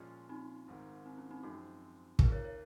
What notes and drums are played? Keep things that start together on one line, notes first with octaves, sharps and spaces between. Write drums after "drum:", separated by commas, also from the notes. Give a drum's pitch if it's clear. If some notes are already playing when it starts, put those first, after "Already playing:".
Already playing: A#2 F3 G#3 C#4 F4
C4 D#4
G#1 G#2 D#3
C4
C#4
C4 D#4
F#2 F3 G#3 C4 D#4 F#4
D#2 D#3 A#3 F4 G#4, drum: kick
A#4 C#5
A#4 C#5